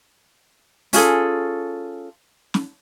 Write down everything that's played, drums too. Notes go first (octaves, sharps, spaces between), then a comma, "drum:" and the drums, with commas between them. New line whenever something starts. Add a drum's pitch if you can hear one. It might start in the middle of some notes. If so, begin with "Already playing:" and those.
C#4 F4 G#4 A4, drum: open hi-hat
drum: snare